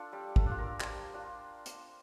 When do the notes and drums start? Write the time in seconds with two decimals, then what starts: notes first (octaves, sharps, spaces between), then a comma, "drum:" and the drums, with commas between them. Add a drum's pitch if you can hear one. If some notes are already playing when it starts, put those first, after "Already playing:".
Already playing: D4 F4 A4 D5
0.12 G3 G4
0.36 A4, drum: kick
0.46 D4
0.51 F4
0.58 A#4
0.80 G3 C5, drum: clap
1.14 D4 F4
1.66 drum: hi-hat